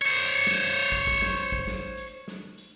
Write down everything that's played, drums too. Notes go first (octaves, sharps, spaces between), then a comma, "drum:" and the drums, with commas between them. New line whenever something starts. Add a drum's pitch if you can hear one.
C5 C#5
drum: hi-hat
drum: snare
drum: hi-hat
drum: kick
drum: kick, hi-hat
drum: snare
drum: hi-hat
drum: kick
drum: snare
drum: hi-hat
drum: snare
drum: hi-hat